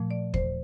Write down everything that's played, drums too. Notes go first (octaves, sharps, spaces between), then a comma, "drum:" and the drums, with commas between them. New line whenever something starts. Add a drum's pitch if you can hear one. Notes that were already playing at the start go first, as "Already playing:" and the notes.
Already playing: A#2 F3 A3
D5
C5, drum: kick